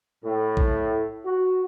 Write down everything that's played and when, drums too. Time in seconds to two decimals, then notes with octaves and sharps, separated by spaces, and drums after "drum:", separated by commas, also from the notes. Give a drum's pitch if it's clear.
0.25 A2
0.57 drum: kick
1.26 F#4